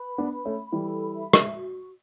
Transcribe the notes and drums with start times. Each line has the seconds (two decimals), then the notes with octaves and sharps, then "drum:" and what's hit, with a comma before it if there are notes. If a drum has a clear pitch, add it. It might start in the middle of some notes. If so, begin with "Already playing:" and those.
Already playing: B4 B5
0.18 B3 D4
0.32 B5
0.45 A3 C#4
0.72 E3 G3 A4
1.13 E5
1.33 drum: rim click
1.53 F#4